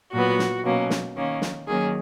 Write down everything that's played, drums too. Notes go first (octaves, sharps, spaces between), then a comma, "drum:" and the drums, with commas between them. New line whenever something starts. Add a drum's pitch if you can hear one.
A#2 F#3 B3 F#4
drum: snare
B2 F#3 A#3 C#4
drum: snare
D#3 A#3 C#4
drum: snare
D#3 F#3 A#3 C#4 G#4